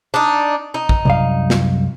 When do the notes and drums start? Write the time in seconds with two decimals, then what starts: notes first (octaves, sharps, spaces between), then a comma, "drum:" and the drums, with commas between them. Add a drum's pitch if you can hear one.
0.14 D4 D#4
0.74 D#4
0.89 drum: kick A#1
1.05 C2 F#2 F5
1.50 drum: snare